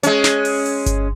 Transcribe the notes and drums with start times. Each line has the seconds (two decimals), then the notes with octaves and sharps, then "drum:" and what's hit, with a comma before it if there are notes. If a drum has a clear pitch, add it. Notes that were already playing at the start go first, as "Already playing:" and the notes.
0.03 G#3 C#4, drum: hi-hat
0.24 drum: snare
0.45 drum: open hi-hat
0.66 drum: open hi-hat
0.86 drum: kick G1, hi-hat